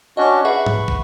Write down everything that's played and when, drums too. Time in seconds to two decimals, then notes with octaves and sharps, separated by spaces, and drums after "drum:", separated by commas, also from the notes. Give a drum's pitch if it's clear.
0.17 C#4 D4 F#4 D#5 C#6
0.45 G#4 B4 E5 F#5 C#6
0.66 drum: tom G#2
0.88 drum: kick